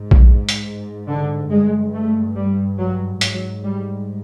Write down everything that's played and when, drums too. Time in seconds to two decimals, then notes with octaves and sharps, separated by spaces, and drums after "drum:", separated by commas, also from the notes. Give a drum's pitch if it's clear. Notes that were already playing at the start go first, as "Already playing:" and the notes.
Already playing: G#2
0.11 drum: kick A#1
0.49 drum: hi-hat
1.08 D3
1.50 G2 G#3
1.93 A3
2.36 G3
2.79 F#3
3.21 G#2 F#3, drum: hi-hat
3.64 G3